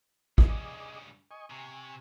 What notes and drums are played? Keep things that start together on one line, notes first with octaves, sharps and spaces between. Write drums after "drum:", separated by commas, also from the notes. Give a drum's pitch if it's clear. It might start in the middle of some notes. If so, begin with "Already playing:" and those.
G2 C#3 G#4 D5 D#5, drum: kick
D#5 G#5 C#6
C3 G#5 C#6